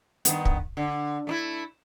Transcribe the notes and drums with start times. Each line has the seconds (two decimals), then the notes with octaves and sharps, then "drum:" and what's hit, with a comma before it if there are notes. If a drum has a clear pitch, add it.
0.25 G2 D#3 B3, drum: hi-hat
0.45 drum: kick
0.77 D3
1.27 A3 D4 E4